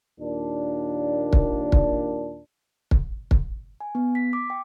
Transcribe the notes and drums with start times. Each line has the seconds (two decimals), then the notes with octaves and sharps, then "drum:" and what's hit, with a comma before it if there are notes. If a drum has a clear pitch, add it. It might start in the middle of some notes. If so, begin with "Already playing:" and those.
0.20 D#2 A#2 D4
1.33 drum: kick
1.72 drum: kick
2.91 drum: kick
3.31 drum: kick
3.81 G#5
3.95 B3
4.15 B6
4.33 D6
4.50 G5